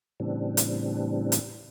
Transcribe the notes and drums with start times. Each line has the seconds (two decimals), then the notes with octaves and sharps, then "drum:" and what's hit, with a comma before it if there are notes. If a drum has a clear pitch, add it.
0.20 A2 C#3 E3 G3 C4 D4
0.57 drum: hi-hat
1.32 drum: hi-hat